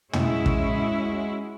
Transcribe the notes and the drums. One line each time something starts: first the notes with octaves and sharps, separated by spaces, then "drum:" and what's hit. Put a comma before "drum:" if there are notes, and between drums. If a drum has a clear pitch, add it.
G#3 C#4 E4 F#4, drum: tom
drum: kick